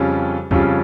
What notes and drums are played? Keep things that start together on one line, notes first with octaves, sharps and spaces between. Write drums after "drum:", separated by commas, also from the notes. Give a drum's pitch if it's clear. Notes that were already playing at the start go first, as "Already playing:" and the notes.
Already playing: F2 C#3 G3 C#4 F4
F2 C#3 G3 C#4 F4, drum: kick C#2